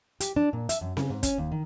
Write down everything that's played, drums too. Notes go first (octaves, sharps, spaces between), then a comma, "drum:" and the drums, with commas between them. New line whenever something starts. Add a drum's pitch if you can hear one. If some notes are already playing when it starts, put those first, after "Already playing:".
G4, drum: hi-hat
D4
A#2
E5, drum: hi-hat
F#2
C#3, drum: snare C4
G#2
C#4, drum: kick, hi-hat
D#2
D#3